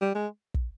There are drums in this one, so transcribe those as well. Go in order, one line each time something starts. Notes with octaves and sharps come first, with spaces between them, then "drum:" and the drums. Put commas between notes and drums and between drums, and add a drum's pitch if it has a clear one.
G3
G#3
drum: kick